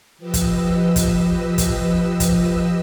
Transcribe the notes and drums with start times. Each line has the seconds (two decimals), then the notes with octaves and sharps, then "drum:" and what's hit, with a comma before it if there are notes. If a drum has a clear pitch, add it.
0.18 F3 G4 B4 D#5 E6
0.34 drum: kick, hi-hat
0.96 drum: kick, hi-hat
1.58 drum: kick, hi-hat
2.20 drum: kick, hi-hat